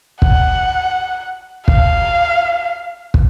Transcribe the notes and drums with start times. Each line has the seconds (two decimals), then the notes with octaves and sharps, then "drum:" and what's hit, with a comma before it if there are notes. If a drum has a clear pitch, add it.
0.22 F#5, drum: kick
1.68 F5, drum: kick
3.14 drum: kick